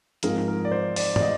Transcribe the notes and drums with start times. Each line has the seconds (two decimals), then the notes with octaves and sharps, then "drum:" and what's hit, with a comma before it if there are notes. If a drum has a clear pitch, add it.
0.23 G#2 F3 C4 D#4 G#4 A#4, drum: hi-hat
0.48 A#4
0.65 D5
0.71 C5
0.96 D5, drum: open hi-hat
1.16 D5, drum: tom
1.21 D#5